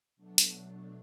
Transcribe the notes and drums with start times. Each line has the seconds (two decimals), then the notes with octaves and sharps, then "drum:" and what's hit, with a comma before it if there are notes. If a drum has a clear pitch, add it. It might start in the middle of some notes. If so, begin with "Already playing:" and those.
0.16 B2 F#3 A3 D4
0.38 drum: hi-hat